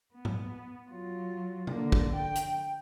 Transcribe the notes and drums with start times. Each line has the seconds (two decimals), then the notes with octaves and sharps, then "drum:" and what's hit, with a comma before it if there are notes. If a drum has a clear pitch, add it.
0.15 B3
0.25 drum: tom G#2
0.91 F#3 F4
1.67 D3 A#3, drum: tom C3
1.92 drum: kick
2.15 G5
2.35 drum: hi-hat